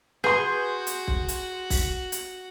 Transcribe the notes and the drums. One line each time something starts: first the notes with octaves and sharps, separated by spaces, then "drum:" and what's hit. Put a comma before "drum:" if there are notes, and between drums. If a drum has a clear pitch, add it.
F#4 G#4 B4 C6 G6
drum: hi-hat
drum: kick
drum: hi-hat
drum: kick, open hi-hat
drum: hi-hat